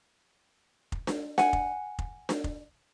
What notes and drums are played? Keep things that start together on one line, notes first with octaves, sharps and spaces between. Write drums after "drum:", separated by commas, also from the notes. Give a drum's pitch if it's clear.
drum: kick
drum: snare D4
F#5 G#5, drum: snare D4
drum: kick
drum: kick
drum: snare D4
drum: kick